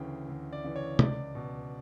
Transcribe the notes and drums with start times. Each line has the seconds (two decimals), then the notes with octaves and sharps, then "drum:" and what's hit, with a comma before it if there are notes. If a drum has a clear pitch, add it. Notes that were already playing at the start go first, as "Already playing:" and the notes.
Already playing: D2 C#3 E3 G5
0.29 D2
0.53 D5
0.64 C#3 E3
0.76 C#5
0.99 C#2 D5, drum: tom C3
1.35 B2